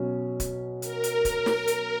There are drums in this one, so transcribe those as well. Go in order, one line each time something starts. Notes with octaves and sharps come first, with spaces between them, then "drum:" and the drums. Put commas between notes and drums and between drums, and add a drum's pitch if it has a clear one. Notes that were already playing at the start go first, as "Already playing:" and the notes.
Already playing: B2 F#3 C#4
drum: kick, hi-hat
A#4, drum: hi-hat
drum: hi-hat
drum: kick, hi-hat
drum: snare
drum: hi-hat